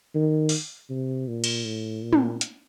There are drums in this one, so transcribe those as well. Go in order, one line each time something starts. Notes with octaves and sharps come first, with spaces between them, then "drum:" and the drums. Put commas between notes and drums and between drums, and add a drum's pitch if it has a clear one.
D#3
drum: open hi-hat
C3
A#2
drum: cymbal
A2
A#2
drum: tom
drum: hi-hat